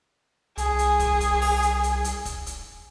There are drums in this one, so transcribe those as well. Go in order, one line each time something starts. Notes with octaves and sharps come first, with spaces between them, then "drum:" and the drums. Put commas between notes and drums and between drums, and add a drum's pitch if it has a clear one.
C2 G#4, drum: hi-hat
drum: hi-hat
drum: kick E1, hi-hat
drum: hi-hat
drum: open hi-hat
drum: hi-hat
drum: hi-hat
drum: hi-hat
drum: kick E1, hi-hat
drum: hi-hat